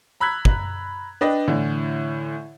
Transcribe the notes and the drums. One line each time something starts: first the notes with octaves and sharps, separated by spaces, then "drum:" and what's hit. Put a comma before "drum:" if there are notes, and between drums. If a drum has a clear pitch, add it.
A#5 B5 E6 F#6 G#6 B6
drum: kick
D4 B4 D5 D#5 G5
A2 D3 E3